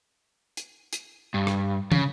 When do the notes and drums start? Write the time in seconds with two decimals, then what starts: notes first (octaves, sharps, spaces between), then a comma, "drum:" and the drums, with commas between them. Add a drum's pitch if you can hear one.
0.57 drum: hi-hat
0.93 drum: hi-hat
1.34 G2
1.47 drum: rim click
1.92 C#3, drum: tom